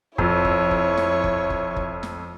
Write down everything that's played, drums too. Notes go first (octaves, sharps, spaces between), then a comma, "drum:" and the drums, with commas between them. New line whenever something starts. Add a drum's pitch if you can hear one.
F2 E4 C#5, drum: kick F#1
drum: kick F#1
drum: kick F#1
drum: snare
drum: kick F#1
drum: kick F#1
drum: kick F#1
drum: snare